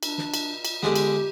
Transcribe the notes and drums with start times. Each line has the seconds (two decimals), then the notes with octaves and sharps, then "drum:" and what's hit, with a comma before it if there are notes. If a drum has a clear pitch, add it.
0.03 D4, drum: cymbal
0.18 drum: snare
0.34 drum: cymbal
0.65 drum: cymbal
0.83 D3 G#3 B3 G4, drum: snare
0.96 drum: cymbal